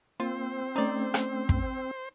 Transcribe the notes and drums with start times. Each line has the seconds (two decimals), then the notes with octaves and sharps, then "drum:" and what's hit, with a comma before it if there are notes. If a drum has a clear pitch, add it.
0.20 A#3 C4 F4 C5
0.76 A3 C#4 D#4 D5
1.14 drum: rim click
1.49 drum: kick